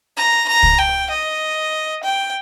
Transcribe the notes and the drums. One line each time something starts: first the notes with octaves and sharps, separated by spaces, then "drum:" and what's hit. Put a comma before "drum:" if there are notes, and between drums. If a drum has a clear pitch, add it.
A#5
A#5
drum: kick
G5
D#5
G5